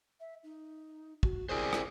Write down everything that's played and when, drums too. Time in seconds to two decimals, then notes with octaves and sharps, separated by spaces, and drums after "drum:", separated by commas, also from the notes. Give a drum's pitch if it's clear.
0.20 E5
0.43 D#4
1.23 F#4, drum: kick
1.49 E4 G#4 A#4 C5 D5
1.73 drum: rim click